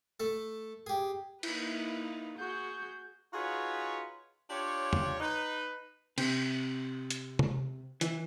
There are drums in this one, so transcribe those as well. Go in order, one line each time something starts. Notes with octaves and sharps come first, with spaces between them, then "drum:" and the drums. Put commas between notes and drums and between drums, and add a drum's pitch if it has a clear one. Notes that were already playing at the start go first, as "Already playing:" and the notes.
A3 A4
G4 G#4
A#3 D#4 E4 B4, drum: cymbal
F#4 G#4 G6
D#4 F4 F#4 G#4 B4 C#5
D4 F4 G4 C#5
drum: tom E2
D#4 B4
C3, drum: cymbal
drum: hi-hat
drum: tom C3
E3, drum: hi-hat